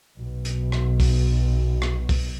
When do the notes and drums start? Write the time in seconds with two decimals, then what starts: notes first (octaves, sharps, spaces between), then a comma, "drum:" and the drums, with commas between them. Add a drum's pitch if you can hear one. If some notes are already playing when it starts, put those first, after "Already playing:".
0.18 B1 B2
0.45 drum: hi-hat
0.72 drum: rim click
1.00 drum: kick, open hi-hat
1.82 drum: rim click
2.09 drum: kick, open hi-hat